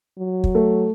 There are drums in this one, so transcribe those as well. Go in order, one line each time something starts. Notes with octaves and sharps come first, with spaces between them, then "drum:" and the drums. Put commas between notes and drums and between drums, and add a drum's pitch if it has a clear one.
F#3
drum: kick
A3